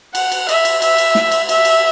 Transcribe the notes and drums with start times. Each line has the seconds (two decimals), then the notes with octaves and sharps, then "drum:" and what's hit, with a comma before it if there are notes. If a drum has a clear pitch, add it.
0.15 F#5, drum: cymbal
0.32 drum: cymbal
0.49 E5, drum: cymbal
0.65 drum: cymbal
0.82 E5, drum: cymbal
0.98 drum: cymbal
1.15 drum: snare
1.32 drum: cymbal
1.49 E5, drum: cymbal
1.65 drum: cymbal